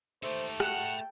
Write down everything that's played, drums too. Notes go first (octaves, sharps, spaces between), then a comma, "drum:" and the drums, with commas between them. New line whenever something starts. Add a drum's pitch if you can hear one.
A3 D#4 G4 C5
F#5 G5 A5 B5, drum: rim click